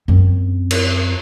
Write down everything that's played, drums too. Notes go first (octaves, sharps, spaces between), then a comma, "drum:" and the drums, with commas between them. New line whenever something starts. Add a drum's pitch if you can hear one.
F#2 C4
drum: cymbal